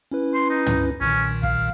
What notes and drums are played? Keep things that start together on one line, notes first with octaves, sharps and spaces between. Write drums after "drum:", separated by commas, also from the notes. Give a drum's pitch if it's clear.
C#4 E4 B4
C6
D#4
drum: tom
B1 A#2 D#3 C#4
F5, drum: kick